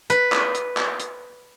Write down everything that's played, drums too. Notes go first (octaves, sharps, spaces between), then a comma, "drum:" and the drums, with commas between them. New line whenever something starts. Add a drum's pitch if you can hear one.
B4, drum: hi-hat
drum: clap
drum: hi-hat
drum: clap
drum: hi-hat